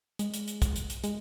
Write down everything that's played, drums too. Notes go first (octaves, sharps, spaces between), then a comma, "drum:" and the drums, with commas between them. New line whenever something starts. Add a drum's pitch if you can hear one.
G#3, drum: hi-hat
drum: hi-hat
drum: hi-hat
drum: kick, hi-hat
drum: hi-hat
drum: hi-hat
G#3, drum: hi-hat